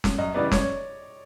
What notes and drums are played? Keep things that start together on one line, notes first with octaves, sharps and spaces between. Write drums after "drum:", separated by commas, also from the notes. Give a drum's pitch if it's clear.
drum: snare
F#2 D#5
C#3 E3 G3 B3 D5
C#5, drum: snare